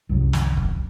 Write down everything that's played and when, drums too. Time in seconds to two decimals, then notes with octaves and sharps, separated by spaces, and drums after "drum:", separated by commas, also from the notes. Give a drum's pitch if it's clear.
0.09 C2 F#2 C3 F#3
0.33 drum: snare
0.57 drum: kick